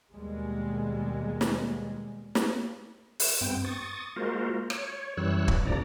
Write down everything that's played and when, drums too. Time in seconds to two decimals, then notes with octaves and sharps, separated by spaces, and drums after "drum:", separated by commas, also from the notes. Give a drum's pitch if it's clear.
0.11 D#2 B2 G3 G#3
1.41 drum: snare
2.35 drum: snare
3.20 drum: open hi-hat
3.41 G2 B3 C4 G5
3.65 C#6 D#6 A6
4.16 G#3 A#3 F4 F#4 A#4 C5
4.70 C#5, drum: rim click
5.17 F#2 E3 G3 C#5 E6 F#6
5.48 drum: kick
5.65 A2 C3 F3 D4 D5 A#5